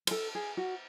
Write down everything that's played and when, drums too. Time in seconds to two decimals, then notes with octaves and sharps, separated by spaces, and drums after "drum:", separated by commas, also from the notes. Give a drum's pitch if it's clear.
0.07 C5, drum: cymbal
0.11 A4
0.35 G#4
0.57 F#4